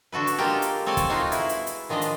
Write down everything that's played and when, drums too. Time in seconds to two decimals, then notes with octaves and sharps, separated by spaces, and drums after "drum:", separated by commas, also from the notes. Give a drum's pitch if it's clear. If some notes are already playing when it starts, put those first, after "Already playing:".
0.12 D3 F#4 A4 B4
0.27 drum: hi-hat
0.38 G#3 A#3 F4 G4 A4
0.62 drum: hi-hat
0.86 C4 A4 C#5 D5 G#5
0.97 drum: kick, hi-hat
1.10 G#3 D#4 F4 F#4 G#4
1.32 E4 B4, drum: hi-hat
1.49 drum: hi-hat
1.67 drum: hi-hat
1.89 D#3 F3 G#3 D4 D#5
2.02 drum: hi-hat